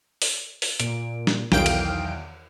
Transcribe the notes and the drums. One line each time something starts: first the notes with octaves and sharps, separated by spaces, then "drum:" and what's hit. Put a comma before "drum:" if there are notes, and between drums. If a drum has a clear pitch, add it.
drum: open hi-hat
drum: open hi-hat
A#2 D7, drum: hi-hat
drum: snare
B1 E2 D#3 F5 G5 D7, drum: snare
drum: cymbal